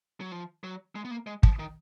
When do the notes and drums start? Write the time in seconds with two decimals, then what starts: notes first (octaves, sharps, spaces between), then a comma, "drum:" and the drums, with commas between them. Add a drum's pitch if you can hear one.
0.21 F#3
0.32 F3
0.64 F#3
0.95 G#3
1.05 B3
1.11 A#3
1.27 G#3
1.43 F3, drum: kick
1.59 D#3